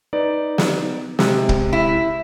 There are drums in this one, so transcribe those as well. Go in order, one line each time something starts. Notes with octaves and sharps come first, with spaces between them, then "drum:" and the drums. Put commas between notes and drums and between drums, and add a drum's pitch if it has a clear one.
D#4 B4 D5
drum: snare
C3 G#3, drum: snare
drum: kick
E4